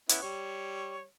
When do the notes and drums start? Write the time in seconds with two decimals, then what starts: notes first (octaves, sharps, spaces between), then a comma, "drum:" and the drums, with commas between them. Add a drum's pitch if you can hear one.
0.09 B3 C#4 E4, drum: hi-hat
0.23 G3 C#5